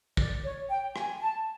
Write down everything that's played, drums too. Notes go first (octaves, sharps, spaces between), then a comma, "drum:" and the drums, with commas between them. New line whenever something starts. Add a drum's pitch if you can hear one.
D5, drum: kick
C#5
G5
G#5, drum: rim click
A5